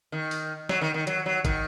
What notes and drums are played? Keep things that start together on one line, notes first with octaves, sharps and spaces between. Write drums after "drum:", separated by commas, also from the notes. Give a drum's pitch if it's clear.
D#3
drum: open hi-hat
F#3, drum: snare
D#3
D#3
F#3, drum: hi-hat
F#3
D#3, drum: kick, hi-hat